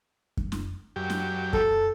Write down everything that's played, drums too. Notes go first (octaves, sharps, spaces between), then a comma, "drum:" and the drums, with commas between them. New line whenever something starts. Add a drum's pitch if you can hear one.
drum: kick F#2
drum: snare
F#2 G4
drum: snare
A4, drum: kick F#2